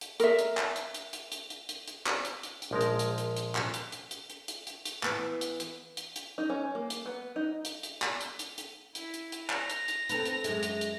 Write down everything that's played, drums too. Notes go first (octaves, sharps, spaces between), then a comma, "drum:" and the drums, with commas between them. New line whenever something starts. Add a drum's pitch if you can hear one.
drum: hi-hat
A#4 E5, drum: hi-hat
drum: hi-hat
drum: clap
drum: hi-hat
drum: hi-hat
drum: hi-hat
drum: hi-hat
drum: hi-hat
drum: hi-hat
drum: hi-hat
drum: clap
drum: hi-hat
drum: hi-hat
drum: hi-hat
A#1 F3 G#3 A#4
drum: hi-hat
drum: hi-hat
drum: hi-hat
drum: hi-hat
drum: clap
drum: hi-hat
drum: hi-hat
drum: hi-hat
drum: hi-hat
drum: hi-hat
drum: hi-hat
drum: hi-hat
E3 B3, drum: clap
drum: hi-hat
drum: hi-hat
drum: hi-hat
drum: hi-hat
D#4
C#4
A#3
drum: hi-hat
B3
D#4
drum: hi-hat
drum: hi-hat
drum: clap
drum: hi-hat
drum: hi-hat
drum: hi-hat
E4, drum: hi-hat
drum: hi-hat
drum: hi-hat
A#6 F7, drum: clap
drum: hi-hat
drum: hi-hat
C4 A4 B4, drum: hi-hat
drum: hi-hat
F#2 G#3, drum: hi-hat
drum: hi-hat
drum: hi-hat